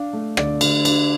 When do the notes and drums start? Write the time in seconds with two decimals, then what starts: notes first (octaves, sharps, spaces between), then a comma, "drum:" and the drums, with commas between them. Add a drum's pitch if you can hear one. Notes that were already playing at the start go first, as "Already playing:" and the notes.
Already playing: D4 F5
0.13 A3
0.37 D3 D5, drum: rim click
0.61 D3, drum: cymbal
0.85 D4, drum: cymbal